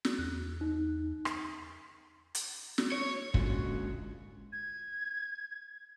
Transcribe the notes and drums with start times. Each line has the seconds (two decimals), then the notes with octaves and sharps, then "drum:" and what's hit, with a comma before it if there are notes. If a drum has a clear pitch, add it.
0.05 drum: snare
0.19 E2 F#6
0.61 D#4
1.25 drum: rim click
2.35 drum: hi-hat
2.78 drum: snare
2.92 C#5
3.34 A#2 D3 G#3 C#4 F4 F#4, drum: kick
4.52 G#6